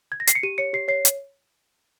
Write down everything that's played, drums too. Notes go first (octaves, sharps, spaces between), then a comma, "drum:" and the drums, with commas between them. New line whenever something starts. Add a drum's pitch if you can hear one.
G#6
A#6
C7, drum: hi-hat
C#7
G4 D#7
C#5 C#7
G4 C7
C#5 C7
drum: hi-hat